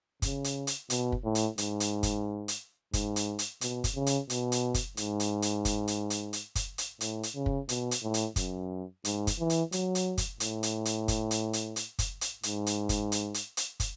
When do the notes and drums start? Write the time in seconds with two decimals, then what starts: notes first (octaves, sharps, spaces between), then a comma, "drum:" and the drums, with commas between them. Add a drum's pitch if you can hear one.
0.22 C#3, drum: kick, hi-hat
0.44 drum: hi-hat
0.67 drum: hi-hat
0.90 B2, drum: hi-hat
1.12 drum: kick
1.24 A2
1.35 drum: hi-hat
1.58 G#2, drum: hi-hat
1.80 drum: hi-hat
2.03 drum: kick, hi-hat
2.48 drum: hi-hat
2.93 G#2, drum: kick, hi-hat
3.16 drum: hi-hat
3.39 drum: hi-hat
3.61 B2, drum: hi-hat
3.84 drum: kick, hi-hat
3.95 C#3
4.06 drum: hi-hat
4.30 B2, drum: hi-hat
4.52 drum: hi-hat
4.74 drum: kick, hi-hat
4.97 G#2, drum: hi-hat
5.20 drum: hi-hat
5.42 drum: hi-hat
5.65 drum: kick, hi-hat
5.88 drum: hi-hat
6.10 drum: hi-hat
6.33 drum: hi-hat
6.55 drum: kick, hi-hat
6.78 drum: hi-hat
7.01 A2, drum: hi-hat
7.23 drum: hi-hat
7.35 C#3
7.46 drum: kick
7.69 B2, drum: hi-hat
7.91 drum: hi-hat
8.03 A2
8.14 drum: hi-hat
8.36 F#2, drum: kick, hi-hat
9.05 G#2, drum: hi-hat
9.27 drum: kick, hi-hat
9.39 E3
9.50 drum: hi-hat
9.72 F#3, drum: hi-hat
9.95 drum: hi-hat
10.18 drum: kick, hi-hat
10.40 A2, drum: hi-hat
10.63 drum: hi-hat
10.85 drum: hi-hat
11.08 drum: kick, hi-hat
11.31 drum: hi-hat
11.53 drum: hi-hat
11.76 drum: hi-hat
11.99 drum: kick, hi-hat
12.21 drum: hi-hat
12.43 G#2, drum: hi-hat
12.66 drum: hi-hat
12.89 drum: kick, hi-hat
13.12 drum: hi-hat
13.34 drum: hi-hat
13.57 drum: hi-hat
13.80 drum: kick, hi-hat